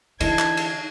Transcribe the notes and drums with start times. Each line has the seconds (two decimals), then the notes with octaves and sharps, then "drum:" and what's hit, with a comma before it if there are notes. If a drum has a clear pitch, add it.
0.20 D3 E3 D#4 E4 D#5 A5 G#6, drum: cymbal
0.39 drum: clap
0.57 drum: cymbal